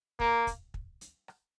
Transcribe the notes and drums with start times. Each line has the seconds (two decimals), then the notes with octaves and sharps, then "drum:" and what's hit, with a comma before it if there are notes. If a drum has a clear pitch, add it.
0.20 A#3, drum: kick
0.47 drum: kick, hi-hat
0.74 drum: kick
1.01 drum: hi-hat
1.28 drum: rim click